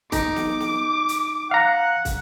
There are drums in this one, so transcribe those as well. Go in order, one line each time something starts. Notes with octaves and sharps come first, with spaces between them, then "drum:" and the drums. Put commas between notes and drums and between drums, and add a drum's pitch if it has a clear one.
D#4 D6, drum: kick, hi-hat
drum: snare
drum: snare
drum: hi-hat
F5 F#5 A#5
drum: kick, hi-hat